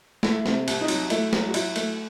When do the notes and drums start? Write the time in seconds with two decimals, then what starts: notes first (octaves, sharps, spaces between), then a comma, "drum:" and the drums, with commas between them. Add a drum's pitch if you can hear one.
0.23 A3 E4, drum: snare
0.46 C3, drum: snare
0.68 C2, drum: cymbal
0.81 D#4
0.88 F#3, drum: cymbal
1.10 A3 E4, drum: cymbal
1.33 F#3, drum: snare
1.49 F#4
1.54 F#3 E4, drum: cymbal
1.76 A3, drum: cymbal